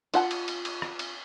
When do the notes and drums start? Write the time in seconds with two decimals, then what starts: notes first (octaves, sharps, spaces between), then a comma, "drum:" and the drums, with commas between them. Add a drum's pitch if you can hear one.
0.14 F4 F#5 A5, drum: cymbal
0.31 drum: cymbal
0.48 drum: cymbal
0.65 drum: cymbal
0.82 drum: rim click
0.99 drum: cymbal